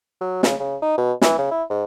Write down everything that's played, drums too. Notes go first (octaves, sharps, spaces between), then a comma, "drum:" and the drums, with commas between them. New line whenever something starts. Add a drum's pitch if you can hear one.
F#3
C#3, drum: snare
C#3
D#4
B2
E3, drum: snare
C#3
E4
G#2